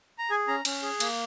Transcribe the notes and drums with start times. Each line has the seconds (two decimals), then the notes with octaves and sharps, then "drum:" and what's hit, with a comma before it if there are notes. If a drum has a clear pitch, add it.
0.19 A#5
0.30 G#4 G#5
0.48 C#4 A#5
0.65 C#4, drum: cymbal
0.82 G#4
1.00 A#3, drum: cymbal